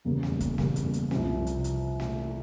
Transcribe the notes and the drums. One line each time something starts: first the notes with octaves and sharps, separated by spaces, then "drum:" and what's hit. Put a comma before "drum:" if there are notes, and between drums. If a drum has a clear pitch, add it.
E2 C#3 G3 A#3
drum: snare
drum: kick, hi-hat
E2 C#3 G3 A#3, drum: snare
drum: hi-hat
drum: hi-hat
C2 C3 F3 C4, drum: snare
drum: hi-hat
drum: hi-hat
drum: snare